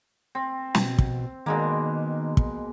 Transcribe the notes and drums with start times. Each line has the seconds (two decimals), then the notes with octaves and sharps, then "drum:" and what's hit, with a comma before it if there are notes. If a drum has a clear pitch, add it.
0.35 C4
0.75 B2, drum: snare
0.98 drum: kick
1.46 B2 D#3 G#3 A#3
2.37 drum: kick